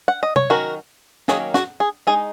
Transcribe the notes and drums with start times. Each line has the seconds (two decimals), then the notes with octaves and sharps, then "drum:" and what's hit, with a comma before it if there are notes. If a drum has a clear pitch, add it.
0.08 F#5
0.23 D#5
0.36 C#5, drum: tom C3
0.50 D#3 F#3 C#4 F#4 A#4
1.28 D#3 F#3 A#3 C#4 G#4, drum: snare
1.54 F#4, drum: snare
1.80 G#4
2.07 G#3 D#4 G#4